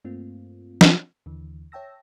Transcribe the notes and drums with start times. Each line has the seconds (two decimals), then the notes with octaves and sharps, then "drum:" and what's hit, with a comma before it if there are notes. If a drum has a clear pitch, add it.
0.05 G2 A3 A#3 C4 F4
0.81 drum: snare
1.26 D#2 D3 E3
1.72 C#5 E5 G5 A5 E6 A#6